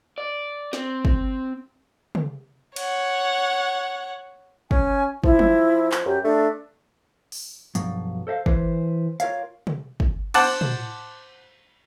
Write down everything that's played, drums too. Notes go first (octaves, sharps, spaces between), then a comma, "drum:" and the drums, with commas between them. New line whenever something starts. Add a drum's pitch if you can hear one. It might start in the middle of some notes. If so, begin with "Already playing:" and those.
D5
C4, drum: snare
drum: kick
drum: tom
C#5 F#5, drum: cymbal
C#4 G#5, drum: kick
F3 E4, drum: kick
drum: tom
drum: clap
F#2 G4
A3 D4
drum: open hi-hat
B1 G2 F3 F#3, drum: hi-hat
A4 C5 D#5 F5
E3 B4 C5, drum: kick
F4 A#4 C#5 F5, drum: hi-hat
drum: tom
drum: kick
C5 F#5 A5 D6, drum: cymbal
drum: tom